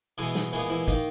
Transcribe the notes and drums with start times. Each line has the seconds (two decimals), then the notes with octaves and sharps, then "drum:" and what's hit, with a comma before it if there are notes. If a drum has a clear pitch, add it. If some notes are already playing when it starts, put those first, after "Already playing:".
0.18 B2 E3 G#3 B3 E4, drum: hi-hat
0.35 drum: snare
0.53 A#2 E3 G#3 B3 E4, drum: hi-hat
0.70 E3 E4
0.88 D#3 A#3 D#4, drum: kick, hi-hat